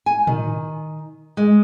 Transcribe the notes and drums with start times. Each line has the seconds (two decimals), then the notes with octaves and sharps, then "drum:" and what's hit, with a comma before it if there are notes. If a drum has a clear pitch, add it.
0.06 G#5
0.27 D#3, drum: tom A2
1.37 G#3